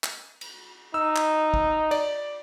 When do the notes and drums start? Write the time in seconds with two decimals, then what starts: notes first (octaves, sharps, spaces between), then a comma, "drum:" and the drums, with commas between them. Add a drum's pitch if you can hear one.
0.04 drum: clap
0.41 drum: cymbal
0.94 D#4 E6
1.16 drum: clap
1.54 drum: kick
1.91 D5, drum: cymbal